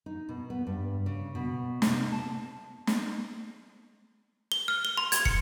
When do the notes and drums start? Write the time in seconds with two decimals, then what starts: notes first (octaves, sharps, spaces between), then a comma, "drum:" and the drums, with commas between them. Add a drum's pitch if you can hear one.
0.06 D#4
0.29 B2
0.50 B3
0.67 G2
1.06 C#3
1.35 B2
1.82 C3, drum: snare
2.12 A5
2.87 drum: snare
4.52 G7
4.68 F6
4.85 G7
4.97 C6
5.12 G#6, drum: hi-hat
5.25 C#7, drum: kick